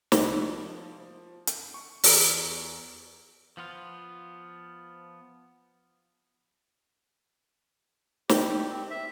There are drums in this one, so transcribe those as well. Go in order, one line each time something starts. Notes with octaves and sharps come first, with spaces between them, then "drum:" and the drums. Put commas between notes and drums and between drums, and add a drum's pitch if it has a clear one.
C2, drum: snare
F3
drum: hi-hat
C#6
E2, drum: open hi-hat
F3 B3 F4
G4, drum: snare
C4
E5